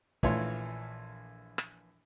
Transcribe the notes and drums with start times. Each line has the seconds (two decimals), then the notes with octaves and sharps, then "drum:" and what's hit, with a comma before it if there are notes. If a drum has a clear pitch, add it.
0.23 A#1 E3 A3 F4 C#5 C6, drum: kick
1.58 drum: rim click